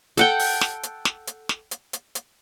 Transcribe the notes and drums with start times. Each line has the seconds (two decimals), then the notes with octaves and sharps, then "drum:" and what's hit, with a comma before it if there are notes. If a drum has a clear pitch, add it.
0.17 A4 F#5 G5, drum: hi-hat
0.39 drum: open hi-hat
0.61 drum: snare
0.83 drum: hi-hat
1.05 drum: snare
1.27 drum: hi-hat
1.49 drum: snare
1.71 drum: hi-hat
1.93 drum: hi-hat
2.15 drum: hi-hat